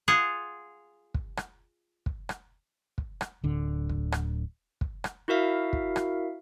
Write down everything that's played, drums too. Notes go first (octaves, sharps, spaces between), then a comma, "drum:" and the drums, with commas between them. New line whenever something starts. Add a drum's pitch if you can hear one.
F4 G#4 F#5
drum: kick
drum: rim click
drum: kick
drum: rim click
drum: kick
drum: rim click
D1 D3
drum: kick
drum: rim click
drum: kick
drum: rim click
E4 F#4 A#4 E5 F5
drum: kick
drum: rim click